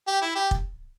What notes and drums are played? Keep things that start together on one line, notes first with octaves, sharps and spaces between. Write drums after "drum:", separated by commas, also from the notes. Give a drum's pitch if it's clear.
G4
E4
G4
drum: kick